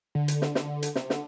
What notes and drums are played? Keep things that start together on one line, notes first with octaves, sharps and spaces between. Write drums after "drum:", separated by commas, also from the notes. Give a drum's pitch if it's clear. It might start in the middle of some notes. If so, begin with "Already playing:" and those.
D3
drum: hi-hat
drum: snare
drum: snare
drum: hi-hat
C3, drum: snare
D3, drum: snare